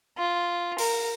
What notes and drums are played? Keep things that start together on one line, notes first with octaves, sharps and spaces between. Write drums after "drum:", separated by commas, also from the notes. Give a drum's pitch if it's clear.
F4
A#4, drum: open hi-hat